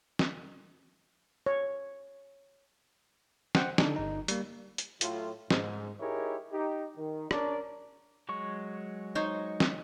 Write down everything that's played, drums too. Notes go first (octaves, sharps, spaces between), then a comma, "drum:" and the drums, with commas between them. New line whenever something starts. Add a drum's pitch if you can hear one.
drum: snare
C#5
C5 F#5 G5, drum: snare
D3 D4 D#4, drum: snare
G1 D#4
G3 A#3, drum: hi-hat
drum: hi-hat
A2 F#3 F4, drum: hi-hat
G#2, drum: snare
D#4 E4 G4 G#4 A#4 C#5
D#4 G4
D#3
C#4 D4 A#4 C#5 D5, drum: rim click
F#3 G#3 C#6
D#4 C5 C#5
drum: snare